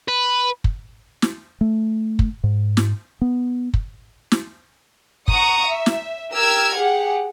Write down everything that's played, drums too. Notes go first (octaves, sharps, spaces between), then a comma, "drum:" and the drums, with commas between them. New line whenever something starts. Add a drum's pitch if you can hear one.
B4
drum: kick
drum: snare
A3
drum: kick
G#2
drum: snare
B3
drum: kick
drum: snare
F#5 A#5 C#6 D#6, drum: kick
E5
drum: snare
G4 A#4 E6 F6 G#6
G4 G#4 F#5